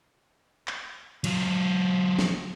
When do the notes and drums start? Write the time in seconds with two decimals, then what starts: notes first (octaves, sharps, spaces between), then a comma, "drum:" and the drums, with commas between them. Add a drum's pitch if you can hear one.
0.68 drum: clap
1.24 F#3 F4, drum: cymbal
2.19 drum: snare